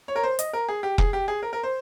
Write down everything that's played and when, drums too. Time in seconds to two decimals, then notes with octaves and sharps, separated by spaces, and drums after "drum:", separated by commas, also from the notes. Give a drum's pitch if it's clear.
0.08 C#5
0.16 A#4
0.23 C5
0.39 D#5, drum: hi-hat
0.53 A#4
0.69 G#4
0.83 G4
0.98 G#4, drum: kick F1
1.13 G4
1.28 G#4
1.43 A#4
1.53 A#4
1.63 C5